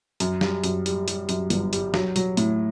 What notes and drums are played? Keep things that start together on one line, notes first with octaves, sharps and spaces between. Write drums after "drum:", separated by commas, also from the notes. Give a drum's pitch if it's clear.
F#2, drum: hi-hat
G3, drum: snare
F#2, drum: hi-hat
G3, drum: hi-hat
G3, drum: hi-hat
F#2, drum: hi-hat
G1, drum: hi-hat
G3, drum: hi-hat
F#3, drum: snare
F#3, drum: hi-hat
A2, drum: hi-hat